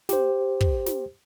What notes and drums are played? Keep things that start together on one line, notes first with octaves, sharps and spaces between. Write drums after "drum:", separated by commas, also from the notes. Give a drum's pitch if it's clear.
G4 C5, drum: snare
drum: kick
drum: snare